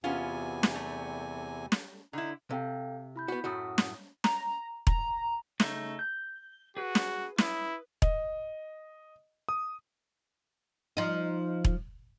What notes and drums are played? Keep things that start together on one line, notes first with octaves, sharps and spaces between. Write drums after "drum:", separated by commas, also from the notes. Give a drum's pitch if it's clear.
E2 C3 B3 C#4 F4 G#5
drum: snare
G3 A3
drum: snare
D3 D#4 E4
C3 A4 F5 G5
E4 B5 G6
B3 F#4 B6
F#2 A2 F#4 F#5 D#6
drum: snare
A#5, drum: snare
A#5, drum: kick E1
C#3 A3 D#4, drum: snare
G6
F#4 G#4 B4
drum: snare
E4 B4 D#6, drum: snare
D#5, drum: kick E1
D#6
F3 D#4
drum: kick E1